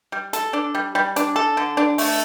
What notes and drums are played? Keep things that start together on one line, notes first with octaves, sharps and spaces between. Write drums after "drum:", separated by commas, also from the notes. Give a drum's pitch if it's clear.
G3
A4, drum: hi-hat
D4
G3
G3
D4, drum: hi-hat
A4
D3
D4
A3, drum: open hi-hat